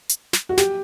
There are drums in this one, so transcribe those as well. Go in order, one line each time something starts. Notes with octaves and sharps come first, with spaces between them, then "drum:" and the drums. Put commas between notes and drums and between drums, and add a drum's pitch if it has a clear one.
drum: hi-hat
drum: snare
F#4
G4, drum: snare